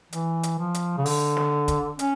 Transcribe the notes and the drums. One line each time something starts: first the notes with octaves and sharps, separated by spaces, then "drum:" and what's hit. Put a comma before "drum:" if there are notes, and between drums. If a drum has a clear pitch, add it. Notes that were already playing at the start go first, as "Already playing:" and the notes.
E3, drum: hi-hat
drum: hi-hat
F3
drum: hi-hat
C#3
D3, drum: open hi-hat
drum: snare
drum: kick, hi-hat
C#4, drum: hi-hat